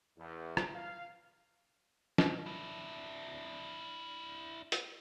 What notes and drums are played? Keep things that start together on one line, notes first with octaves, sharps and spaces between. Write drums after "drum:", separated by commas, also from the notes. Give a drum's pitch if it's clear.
E2
drum: rim click
F5
drum: snare
D4 E4
drum: hi-hat